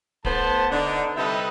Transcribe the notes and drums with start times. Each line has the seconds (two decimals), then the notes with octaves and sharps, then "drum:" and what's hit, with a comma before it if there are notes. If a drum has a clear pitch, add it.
0.25 A2 B3 C5 A5, drum: kick D1
0.70 D3 D4 D#4
1.16 C3 G3 E4 A4 B4 D#5